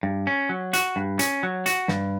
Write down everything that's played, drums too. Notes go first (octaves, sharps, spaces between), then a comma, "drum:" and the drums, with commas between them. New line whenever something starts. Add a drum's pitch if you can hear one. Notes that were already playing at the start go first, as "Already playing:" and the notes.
G2
C#4
F#3
F#4, drum: hi-hat
G2
C#4, drum: hi-hat
F#3
F#4, drum: hi-hat
G2, drum: snare